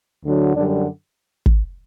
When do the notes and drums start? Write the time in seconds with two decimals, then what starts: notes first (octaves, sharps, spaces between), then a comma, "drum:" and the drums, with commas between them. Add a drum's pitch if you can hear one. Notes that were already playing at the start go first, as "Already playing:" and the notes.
0.24 D2 D3 F#3
0.54 F#2 D3 G3 D4
1.46 drum: kick